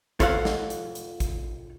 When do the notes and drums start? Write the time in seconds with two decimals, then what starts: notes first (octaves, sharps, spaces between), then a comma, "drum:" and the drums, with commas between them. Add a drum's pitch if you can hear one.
0.20 F4 A4 C#5 F5 F#5, drum: kick, hi-hat
0.45 drum: snare
0.70 drum: hi-hat
0.95 drum: hi-hat
1.20 drum: kick, hi-hat